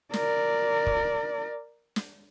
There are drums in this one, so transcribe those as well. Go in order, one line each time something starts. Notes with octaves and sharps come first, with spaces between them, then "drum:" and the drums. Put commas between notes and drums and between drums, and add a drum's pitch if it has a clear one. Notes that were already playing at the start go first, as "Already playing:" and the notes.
A#4 D5, drum: snare
drum: kick
drum: snare